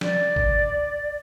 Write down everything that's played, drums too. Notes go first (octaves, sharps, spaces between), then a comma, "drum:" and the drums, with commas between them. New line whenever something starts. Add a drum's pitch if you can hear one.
D5, drum: snare
drum: kick G#1